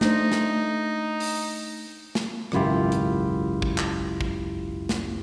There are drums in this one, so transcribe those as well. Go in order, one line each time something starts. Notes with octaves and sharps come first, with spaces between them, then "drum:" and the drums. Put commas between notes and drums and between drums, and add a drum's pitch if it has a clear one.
A3 D4 D#4 C5, drum: snare
drum: snare
drum: open hi-hat
drum: snare
G#1 C#2 F#2 E4 F4 G4, drum: rim click
drum: hi-hat
drum: kick
drum: clap
drum: kick
drum: snare